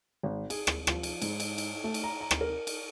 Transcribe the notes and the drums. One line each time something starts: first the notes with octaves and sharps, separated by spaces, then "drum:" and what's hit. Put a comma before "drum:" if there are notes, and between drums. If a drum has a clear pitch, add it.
G#1
G#4, drum: cymbal
drum: rim click
F3, drum: rim click
drum: cymbal
G#2, drum: cymbal
drum: cymbal
drum: cymbal
A3
drum: cymbal
A#5
A#5
drum: rim click
A#4
drum: cymbal